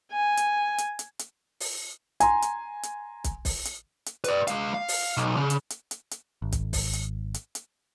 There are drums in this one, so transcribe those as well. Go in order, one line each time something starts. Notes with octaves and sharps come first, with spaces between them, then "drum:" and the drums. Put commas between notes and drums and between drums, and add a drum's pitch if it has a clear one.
G#5
drum: hi-hat
drum: hi-hat
drum: hi-hat
drum: hi-hat
drum: open hi-hat
G#5 A#5 C6, drum: hi-hat
drum: hi-hat
drum: hi-hat
drum: kick, hi-hat
drum: kick, open hi-hat
drum: hi-hat
drum: hi-hat
B4 D5, drum: hi-hat
G#3 F5, drum: hi-hat
F5
drum: open hi-hat
B1
C#3
drum: hi-hat
drum: hi-hat
drum: hi-hat
drum: hi-hat
G#1
drum: kick, hi-hat
drum: kick, open hi-hat
drum: hi-hat
drum: hi-hat
drum: hi-hat